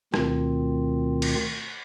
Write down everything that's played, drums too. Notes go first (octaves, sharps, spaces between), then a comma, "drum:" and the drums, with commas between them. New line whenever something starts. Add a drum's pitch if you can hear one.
D2 B2 D#3 C4 F4, drum: rim click
drum: cymbal